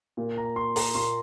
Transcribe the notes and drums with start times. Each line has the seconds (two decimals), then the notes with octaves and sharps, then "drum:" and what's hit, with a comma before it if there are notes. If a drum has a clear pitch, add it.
0.17 A#2 A#3
0.37 A#5
0.56 C6
0.76 A#5, drum: open hi-hat
0.95 A#2 A#3 C6